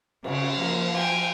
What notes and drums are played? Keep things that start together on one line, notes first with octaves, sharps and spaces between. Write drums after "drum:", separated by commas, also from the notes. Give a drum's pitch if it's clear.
C#3, drum: cymbal
F3 A#3
G5 G#5